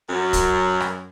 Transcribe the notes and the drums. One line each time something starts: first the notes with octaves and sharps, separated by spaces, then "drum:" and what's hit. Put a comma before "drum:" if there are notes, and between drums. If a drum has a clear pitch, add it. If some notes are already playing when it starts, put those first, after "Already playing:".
F#2
drum: kick, hi-hat
drum: rim click